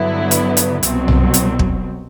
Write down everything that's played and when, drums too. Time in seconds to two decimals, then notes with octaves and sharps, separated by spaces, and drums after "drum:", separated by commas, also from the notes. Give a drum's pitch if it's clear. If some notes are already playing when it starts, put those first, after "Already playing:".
Already playing: G2 D3 F#3 B3 E4
0.31 drum: hi-hat
0.57 drum: hi-hat
0.83 C2 B2 F#3 C4, drum: hi-hat
1.08 drum: tom B1
1.34 drum: hi-hat
1.59 drum: kick